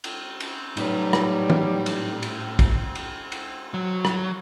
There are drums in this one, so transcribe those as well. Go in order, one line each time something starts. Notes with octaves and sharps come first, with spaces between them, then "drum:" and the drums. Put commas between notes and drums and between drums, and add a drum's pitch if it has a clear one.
drum: cymbal
drum: cymbal
A2 F#3 G3 D#4 B4, drum: cymbal
drum: rim click
drum: tom
drum: cymbal
drum: cymbal
drum: kick, cymbal
drum: cymbal
drum: cymbal
F#3
drum: rim click